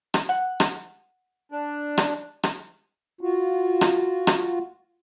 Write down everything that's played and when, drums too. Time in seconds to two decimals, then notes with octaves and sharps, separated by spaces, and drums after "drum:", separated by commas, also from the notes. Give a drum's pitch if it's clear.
0.14 drum: rim click
0.29 F#5
0.60 drum: rim click
1.52 D4
1.98 drum: rim click
2.43 drum: rim click
3.21 F4 F#4
3.81 drum: rim click
4.27 drum: rim click